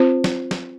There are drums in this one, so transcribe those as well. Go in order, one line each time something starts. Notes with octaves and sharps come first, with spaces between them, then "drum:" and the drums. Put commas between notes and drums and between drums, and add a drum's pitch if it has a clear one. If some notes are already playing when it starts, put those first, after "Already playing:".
Already playing: C4 F4 C5
drum: snare
drum: snare